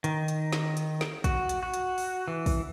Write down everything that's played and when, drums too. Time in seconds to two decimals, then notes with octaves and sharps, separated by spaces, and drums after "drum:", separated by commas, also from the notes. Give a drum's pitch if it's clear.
0.04 D#3, drum: hi-hat
0.28 drum: hi-hat
0.53 drum: snare
0.77 drum: hi-hat
1.01 drum: snare
1.24 F#4, drum: kick, hi-hat
1.49 drum: hi-hat
1.63 F#4
1.74 drum: hi-hat
1.98 drum: open hi-hat
2.28 E3
2.46 drum: kick, open hi-hat